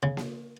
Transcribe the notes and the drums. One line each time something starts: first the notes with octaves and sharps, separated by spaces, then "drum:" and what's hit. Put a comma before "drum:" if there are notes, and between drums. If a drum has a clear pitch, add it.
C#3
drum: snare A#3